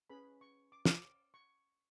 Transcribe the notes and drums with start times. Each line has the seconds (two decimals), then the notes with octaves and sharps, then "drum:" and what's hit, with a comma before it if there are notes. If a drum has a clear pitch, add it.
0.10 C#4 G#4 B4 B5
0.41 C#6
0.72 D6
0.85 drum: snare
0.97 D6
1.34 C#6